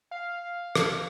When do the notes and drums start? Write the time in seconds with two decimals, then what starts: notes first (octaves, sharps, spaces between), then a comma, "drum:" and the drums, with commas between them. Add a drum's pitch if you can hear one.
0.11 F5
0.75 drum: rim click